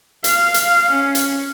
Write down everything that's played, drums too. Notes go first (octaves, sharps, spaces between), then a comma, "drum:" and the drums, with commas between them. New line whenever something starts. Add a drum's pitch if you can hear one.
F5, drum: hi-hat
drum: hi-hat
C#4
drum: hi-hat